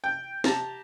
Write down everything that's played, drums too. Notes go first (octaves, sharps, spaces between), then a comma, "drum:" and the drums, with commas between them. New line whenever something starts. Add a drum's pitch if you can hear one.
G5
G4 A5 A#5, drum: snare